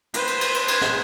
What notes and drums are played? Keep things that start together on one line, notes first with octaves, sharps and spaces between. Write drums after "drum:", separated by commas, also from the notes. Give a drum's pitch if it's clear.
B4 C5, drum: cymbal
drum: cymbal
drum: cymbal
drum: cymbal
drum: cymbal
drum: snare